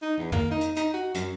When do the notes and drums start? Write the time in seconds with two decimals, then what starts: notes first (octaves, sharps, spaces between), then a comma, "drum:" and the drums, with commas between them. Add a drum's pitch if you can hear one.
0.02 D#4
0.17 E2
0.32 A#3, drum: tom
0.51 D#4
0.61 drum: hi-hat
0.76 D#4, drum: hi-hat
0.93 F#4
1.14 F#2, drum: hi-hat